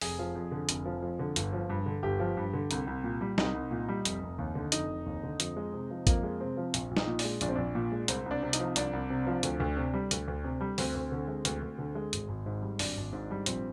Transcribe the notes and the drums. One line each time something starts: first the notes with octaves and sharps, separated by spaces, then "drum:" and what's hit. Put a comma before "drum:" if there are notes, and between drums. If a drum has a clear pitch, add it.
F1 G#4, drum: open hi-hat
F3
F2
D3
F1, drum: hi-hat
F3
F2
D3
G1, drum: hi-hat
F3
G2
D3
G1 G4
F3
G2
D3
C2, drum: hi-hat
C2
A#2
G3
C2 D#4, drum: snare
C2
A#2
G3
F1, drum: hi-hat
F1
D#2
D3
F1 D#4, drum: hi-hat
F1
D#2
D3
F2, drum: hi-hat
G#3
C3
F3
F2 A#3, drum: kick A1, hi-hat
G#3
C3 C4
F3
A#1, drum: hi-hat
A#1
D#4, drum: snare
A#2
D4, drum: open hi-hat
G#3
A#1 D4, drum: hi-hat
C4
A#1 D4
A#2
G#3
C2 C4, drum: hi-hat
C2 D4
C3
D#4, drum: hi-hat
F3
C2 D4, drum: hi-hat
C2
C3
F3
D2, drum: hi-hat
D2
C3
G3
D2, drum: hi-hat
D2
C3
G3
D2 C4, drum: open hi-hat
D2
D3
G#3
D2, drum: hi-hat
D2
D3
G#3
G#1, drum: hi-hat
G#1
G#2
G3
G#1 D4, drum: open hi-hat
G#1
G#2
G3
A#1 C4, drum: hi-hat